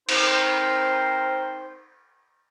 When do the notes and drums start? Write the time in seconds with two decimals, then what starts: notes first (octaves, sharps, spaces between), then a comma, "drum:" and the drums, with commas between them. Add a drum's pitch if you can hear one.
0.09 C4 D#4 A#4 C5, drum: cymbal